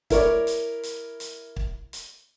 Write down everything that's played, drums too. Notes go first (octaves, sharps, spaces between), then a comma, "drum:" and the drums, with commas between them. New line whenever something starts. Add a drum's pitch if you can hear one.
E4 A#4 C#5 D5, drum: kick, hi-hat
drum: hi-hat
drum: hi-hat
drum: hi-hat
drum: kick
drum: hi-hat